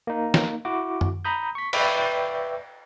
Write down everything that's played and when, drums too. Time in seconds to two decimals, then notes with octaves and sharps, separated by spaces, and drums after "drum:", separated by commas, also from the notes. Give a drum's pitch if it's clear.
0.07 A#3 D#4
0.34 drum: snare
0.65 E4 F#4 D6
1.01 drum: tom F#2
1.25 A#5 B5 D#6 G6
1.55 C#6 B6
1.73 B4 D5 E5 G5 B5 C#6, drum: cymbal